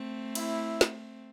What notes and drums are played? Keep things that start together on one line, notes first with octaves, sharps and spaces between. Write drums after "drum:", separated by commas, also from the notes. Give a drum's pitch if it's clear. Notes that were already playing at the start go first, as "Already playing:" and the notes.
Already playing: A3 C4
E4, drum: cymbal
drum: snare